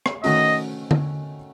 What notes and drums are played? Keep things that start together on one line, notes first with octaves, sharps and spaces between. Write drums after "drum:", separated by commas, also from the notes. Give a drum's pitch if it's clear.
drum: rim click
D#3 A3 C#4 F#4 D#5, drum: open hi-hat
drum: tom D3